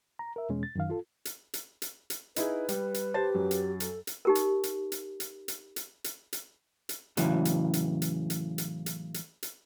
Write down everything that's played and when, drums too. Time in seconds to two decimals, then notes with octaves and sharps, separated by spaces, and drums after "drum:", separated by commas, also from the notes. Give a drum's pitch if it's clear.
0.19 A#5
0.36 A#4 E5
0.49 E2 B2 G#3 C#4
0.63 A6
0.75 F#2 D#3 F5
0.90 F4 A4
1.25 drum: hi-hat
1.54 drum: hi-hat
1.82 drum: hi-hat
2.10 drum: hi-hat
2.36 D#4 E4 G#4 B4, drum: hi-hat
2.69 G3, drum: hi-hat
2.94 drum: hi-hat
3.14 G4 C5 A5 A6
3.34 F#2 F#3
3.51 drum: hi-hat
3.80 A4, drum: hi-hat
4.07 drum: hi-hat
4.25 D#4 G4 A#4
4.35 drum: hi-hat
4.63 drum: hi-hat
4.92 drum: hi-hat
5.20 drum: hi-hat
5.48 drum: hi-hat
5.76 drum: hi-hat
6.04 drum: hi-hat
6.33 drum: hi-hat
6.89 drum: hi-hat
7.17 A2 C#3 E3 F#3, drum: hi-hat
7.45 drum: hi-hat
7.73 drum: hi-hat
8.02 drum: hi-hat
8.30 drum: hi-hat
8.58 drum: hi-hat
8.86 drum: hi-hat
9.14 drum: hi-hat
9.43 drum: hi-hat